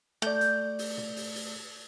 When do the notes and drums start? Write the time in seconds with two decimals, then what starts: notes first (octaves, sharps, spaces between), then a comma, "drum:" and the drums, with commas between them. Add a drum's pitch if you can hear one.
0.22 A3 D5 G6
0.41 drum: hi-hat
0.79 drum: open hi-hat
0.98 drum: tom
1.16 drum: open hi-hat
1.35 drum: open hi-hat